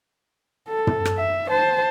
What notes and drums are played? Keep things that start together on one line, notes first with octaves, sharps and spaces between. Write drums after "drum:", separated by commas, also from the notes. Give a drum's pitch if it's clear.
A4
drum: tom
drum: rim click
E5
C5 A5